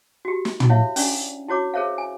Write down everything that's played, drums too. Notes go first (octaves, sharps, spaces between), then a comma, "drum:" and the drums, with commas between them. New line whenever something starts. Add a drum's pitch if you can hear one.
F#4 G4
drum: snare
drum: tom
E4 C#5 E5 F5
C#4 D4 D5, drum: open hi-hat
E4 F#4 C#5 D6
G#4 A#4 C5 C#5 E5 F5
G#5